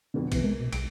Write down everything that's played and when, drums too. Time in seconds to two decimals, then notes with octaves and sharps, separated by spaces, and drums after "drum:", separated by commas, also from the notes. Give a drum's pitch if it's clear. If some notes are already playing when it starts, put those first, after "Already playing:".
0.14 F2 B2 D3
0.32 C3 E3 B3, drum: kick B1, cymbal
0.43 G#3 A#4
0.59 B2
0.73 B1 D7, drum: cymbal